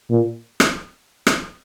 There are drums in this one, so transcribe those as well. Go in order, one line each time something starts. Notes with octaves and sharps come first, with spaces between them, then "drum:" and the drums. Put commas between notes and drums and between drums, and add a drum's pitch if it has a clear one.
A#2
drum: rim click
drum: rim click